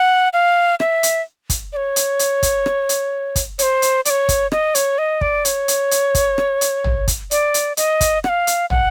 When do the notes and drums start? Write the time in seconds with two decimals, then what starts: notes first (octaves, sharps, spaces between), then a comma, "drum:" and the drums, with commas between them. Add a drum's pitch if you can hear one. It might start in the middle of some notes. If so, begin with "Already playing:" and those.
Already playing: F#5
0.33 F5
0.80 E5, drum: rim click
1.03 drum: hi-hat
1.50 drum: kick, hi-hat
1.73 D5
1.77 C#5
1.96 drum: hi-hat
2.19 drum: hi-hat
2.43 drum: kick, hi-hat
2.66 drum: rim click
2.89 drum: hi-hat
3.36 drum: kick, hi-hat
3.59 C#5, drum: hi-hat
3.63 C5
3.82 drum: hi-hat
4.05 D5, drum: hi-hat
4.10 C#5
4.29 drum: kick, hi-hat
4.52 D#5, drum: rim click
4.75 C#5, drum: hi-hat
4.98 D#5
5.21 D5, drum: kick
5.45 C#5, drum: hi-hat
5.68 drum: hi-hat
5.91 drum: hi-hat
6.15 drum: kick, hi-hat
6.38 drum: rim click
6.61 drum: hi-hat
6.84 drum: tom
7.08 drum: kick, hi-hat
7.31 D5, drum: hi-hat
7.54 drum: hi-hat
7.77 D#5, drum: hi-hat
8.01 drum: kick, hi-hat
8.24 F#5, drum: rim click
8.29 F5
8.47 drum: hi-hat
8.70 F#5, drum: tom